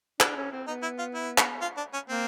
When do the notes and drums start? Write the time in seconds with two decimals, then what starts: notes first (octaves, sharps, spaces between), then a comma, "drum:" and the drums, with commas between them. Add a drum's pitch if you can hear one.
0.20 D4, drum: clap
0.36 C#4
0.52 C4
0.67 B3 D#4
0.83 E4
0.99 F4
1.15 E4
1.38 drum: clap
1.62 F4
1.77 D4
1.93 C#4
2.09 A#3 C4